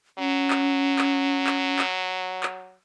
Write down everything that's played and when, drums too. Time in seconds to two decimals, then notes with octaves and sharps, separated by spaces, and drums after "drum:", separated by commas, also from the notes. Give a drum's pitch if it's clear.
0.18 F#3 C#4
0.50 drum: clap
0.99 drum: clap
1.47 drum: clap
1.79 drum: clap
2.43 drum: clap